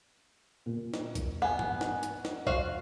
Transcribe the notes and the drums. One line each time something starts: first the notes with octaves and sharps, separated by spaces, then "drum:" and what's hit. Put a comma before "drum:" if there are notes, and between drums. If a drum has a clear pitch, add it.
A#2
drum: snare
drum: kick B1, hi-hat
B3 F#5 G#5
drum: tom G2
drum: snare
drum: hi-hat
drum: snare
F4 F#4 C5 F5, drum: kick B1